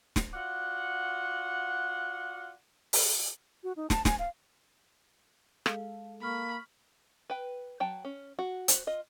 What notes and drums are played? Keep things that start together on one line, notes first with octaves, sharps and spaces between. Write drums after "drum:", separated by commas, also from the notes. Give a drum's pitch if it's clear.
drum: snare
F4 F#4 D5 F#5
drum: open hi-hat
F#4
D#4
A5, drum: snare
G#5, drum: snare
F5
G#3 A4 F5, drum: rim click
A#3 B5 C#6 F6 B6
B4 G5
F#3 G5 A5
C#4
F#4
F#4 C5, drum: hi-hat
F4 D#5